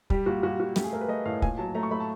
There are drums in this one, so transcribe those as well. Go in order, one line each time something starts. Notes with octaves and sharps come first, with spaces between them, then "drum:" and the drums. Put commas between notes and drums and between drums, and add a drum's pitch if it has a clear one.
G3 G4, drum: kick
A#2 F#4
A#2 F#4
G3 F#4
A3 G4, drum: snare
G#4
A3 A#4
B4
A3 D#5
A2 F5
A#2 G#5, drum: kick
F#3 A5
A3 A#5
C#6
A3 B5
A5